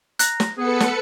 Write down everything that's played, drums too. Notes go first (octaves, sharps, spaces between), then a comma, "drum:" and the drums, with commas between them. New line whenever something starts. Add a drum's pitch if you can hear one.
A#5 F#6, drum: hi-hat
drum: snare
B3 G#4 A4 B4 C#7
drum: snare